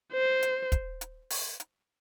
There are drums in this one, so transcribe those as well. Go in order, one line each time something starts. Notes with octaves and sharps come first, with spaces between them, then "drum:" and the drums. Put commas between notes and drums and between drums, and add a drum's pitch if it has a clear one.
C5
drum: hi-hat
drum: kick, hi-hat
drum: hi-hat
drum: open hi-hat
drum: hi-hat